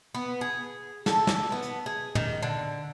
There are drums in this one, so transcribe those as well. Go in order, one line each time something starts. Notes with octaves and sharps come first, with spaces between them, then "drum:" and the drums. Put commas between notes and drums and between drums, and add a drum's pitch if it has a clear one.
B3
G#4
A4, drum: snare
drum: snare
B3
drum: hi-hat
G#4
D#3, drum: tom
D3